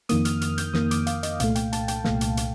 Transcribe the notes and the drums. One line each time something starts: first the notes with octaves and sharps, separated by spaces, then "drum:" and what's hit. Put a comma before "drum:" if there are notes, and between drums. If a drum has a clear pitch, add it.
F2 D#3 A#3 D#6, drum: hi-hat
F6, drum: hi-hat
F6, drum: hi-hat
G6, drum: hi-hat
F2 D#3 A#3 D#6, drum: snare
D6, drum: hi-hat
F5, drum: hi-hat
D#5, drum: hi-hat
C2 A#2 A3 F5, drum: hi-hat
G5, drum: hi-hat
A5, drum: hi-hat
G5, drum: hi-hat
C2 A#2 A3 F5, drum: snare
drum: hi-hat
drum: hi-hat